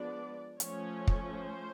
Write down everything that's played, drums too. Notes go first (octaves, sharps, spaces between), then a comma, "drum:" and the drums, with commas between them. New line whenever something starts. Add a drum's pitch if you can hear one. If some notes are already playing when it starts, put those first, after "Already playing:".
Already playing: F3 G#3 B3 D4 D5
F3 A3 C#4 C#5, drum: hi-hat
drum: kick
C5